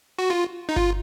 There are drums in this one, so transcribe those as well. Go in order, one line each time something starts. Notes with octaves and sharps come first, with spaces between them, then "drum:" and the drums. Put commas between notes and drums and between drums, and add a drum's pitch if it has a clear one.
F#4
F4
D#4
F4, drum: kick G1